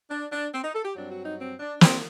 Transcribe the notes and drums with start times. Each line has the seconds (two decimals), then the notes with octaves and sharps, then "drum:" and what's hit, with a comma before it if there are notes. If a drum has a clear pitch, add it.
0.11 D4
0.32 D4
0.53 C4
0.64 D#4
0.75 A4
0.85 G4
0.96 G2 F#3 C4 D4
1.10 F#4
1.24 D#4
1.39 C4
1.60 D4
1.81 C4, drum: snare